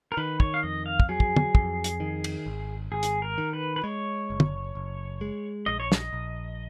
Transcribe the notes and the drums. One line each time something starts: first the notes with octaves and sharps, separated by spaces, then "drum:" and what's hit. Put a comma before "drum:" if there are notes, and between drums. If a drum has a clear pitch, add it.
A#4
D#3 B4
C#5, drum: kick
F5
F2 D#5
F5
drum: kick
F#3 G#4
drum: kick
drum: tom
F2, drum: kick
drum: hi-hat
D#3
drum: cymbal
G#1
G#1 G#4
drum: hi-hat
A#4
D#3
B4
B4
G#3 C#5
F#1
drum: tom
F#1
G#3
A#1 D#5
C#5
D#5, drum: snare
A#1